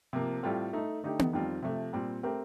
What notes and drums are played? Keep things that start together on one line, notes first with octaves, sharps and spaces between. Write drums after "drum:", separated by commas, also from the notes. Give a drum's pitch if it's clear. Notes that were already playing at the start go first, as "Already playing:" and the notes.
C3 F3 A#3
A2 G3 C4 F4 A4
A3 D#4 A4
D3 A3 D#4 G4
drum: tom B3
F2 D#3 G3 C4 F4
C3 F3 A3
A#2 G3 C4
A3 C4 G4 A#4